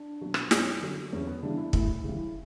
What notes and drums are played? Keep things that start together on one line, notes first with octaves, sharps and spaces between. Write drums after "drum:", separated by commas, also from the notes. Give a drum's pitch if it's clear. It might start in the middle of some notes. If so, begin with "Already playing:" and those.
Already playing: D4
B2 F#3
drum: rim click
F#2, drum: snare
D3 F#3
E2 C#4
B3
C#3 E3 G3 D4
E4
D2 E4, drum: kick
C#3 E3 G3